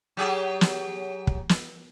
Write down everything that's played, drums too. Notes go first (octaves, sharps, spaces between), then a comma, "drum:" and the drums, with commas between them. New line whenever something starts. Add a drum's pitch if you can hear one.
F#3 G4 G#4
drum: snare
drum: kick
drum: snare